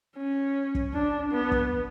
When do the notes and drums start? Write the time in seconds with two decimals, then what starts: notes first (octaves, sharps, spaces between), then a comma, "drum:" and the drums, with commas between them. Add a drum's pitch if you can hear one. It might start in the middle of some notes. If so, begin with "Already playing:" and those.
0.17 C#4
0.75 drum: kick
0.94 D4
1.32 B3
1.52 drum: kick